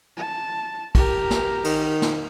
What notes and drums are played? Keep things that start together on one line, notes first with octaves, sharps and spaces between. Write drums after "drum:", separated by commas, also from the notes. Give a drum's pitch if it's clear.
A5
G4 A#4, drum: kick, cymbal
drum: snare
D#3, drum: cymbal
drum: snare